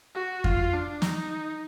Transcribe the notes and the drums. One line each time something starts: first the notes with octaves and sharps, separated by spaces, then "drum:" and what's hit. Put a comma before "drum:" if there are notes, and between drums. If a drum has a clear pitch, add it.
F#4
F4, drum: kick F2
D4
D#4, drum: snare